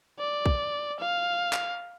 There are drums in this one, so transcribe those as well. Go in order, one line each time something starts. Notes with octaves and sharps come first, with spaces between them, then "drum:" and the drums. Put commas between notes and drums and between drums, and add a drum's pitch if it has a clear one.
D5
drum: kick
F5
drum: clap